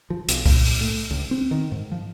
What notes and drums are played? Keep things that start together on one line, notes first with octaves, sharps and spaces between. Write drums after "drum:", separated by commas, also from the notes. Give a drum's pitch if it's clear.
F3
B1, drum: hi-hat
A#2, drum: kick C2, open hi-hat
drum: open hi-hat
A2
C#2
C4
D#3
G#2
F3